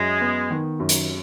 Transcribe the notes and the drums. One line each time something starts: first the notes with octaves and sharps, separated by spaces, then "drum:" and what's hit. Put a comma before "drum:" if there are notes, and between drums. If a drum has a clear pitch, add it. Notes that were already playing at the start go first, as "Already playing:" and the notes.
Already playing: F#2 G#3
B3
D#3
F#2
drum: hi-hat